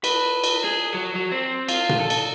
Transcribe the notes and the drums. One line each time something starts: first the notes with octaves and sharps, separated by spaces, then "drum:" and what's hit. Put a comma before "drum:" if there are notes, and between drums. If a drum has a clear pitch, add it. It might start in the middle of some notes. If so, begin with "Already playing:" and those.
B4, drum: cymbal
drum: cymbal
G#4
F#3
F#3
C4
F4, drum: cymbal
drum: tom A#2
A4
drum: cymbal